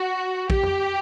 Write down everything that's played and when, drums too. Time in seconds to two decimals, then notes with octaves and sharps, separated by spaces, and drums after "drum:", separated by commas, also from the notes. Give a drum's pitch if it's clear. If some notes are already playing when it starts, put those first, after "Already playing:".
Already playing: F#4
0.50 G4, drum: kick
0.63 drum: tom